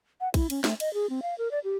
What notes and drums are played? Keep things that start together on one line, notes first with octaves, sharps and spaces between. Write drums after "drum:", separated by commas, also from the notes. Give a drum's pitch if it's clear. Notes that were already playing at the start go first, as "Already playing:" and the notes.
F#5
E4, drum: kick A#1, cymbal
C#4, drum: cymbal
A3, drum: snare
D#5, drum: cymbal
G#4
C4
F5
A#4
D5
G4